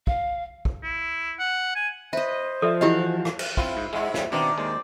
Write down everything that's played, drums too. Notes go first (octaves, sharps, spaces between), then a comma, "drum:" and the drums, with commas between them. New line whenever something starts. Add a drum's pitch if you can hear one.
F5, drum: kick
drum: kick
E4
F#5
G#5
B4 C5 D#5 E5
F3 A4 D5 E5
E3 E4 F#4 G4 D#5 F5
drum: rim click
drum: cymbal
C4 E4 F4, drum: kick
G#2
G#2 G#3 E4
C#3 G3, drum: snare
B2 D#3 C4 D4 D5 A#5 D6
D#2 G#3 C4 D5 D6